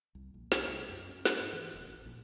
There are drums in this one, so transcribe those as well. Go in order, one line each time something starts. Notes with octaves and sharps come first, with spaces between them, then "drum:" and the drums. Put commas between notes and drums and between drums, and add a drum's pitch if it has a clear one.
C2
A#1
C2, drum: snare
C2
F#2
C#4
G#3, drum: snare
G#2
E3
D#1
A1
A#1